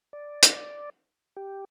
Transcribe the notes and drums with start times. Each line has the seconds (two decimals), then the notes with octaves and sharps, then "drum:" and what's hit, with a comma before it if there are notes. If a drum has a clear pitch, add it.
0.13 D5
0.43 drum: hi-hat
1.37 G4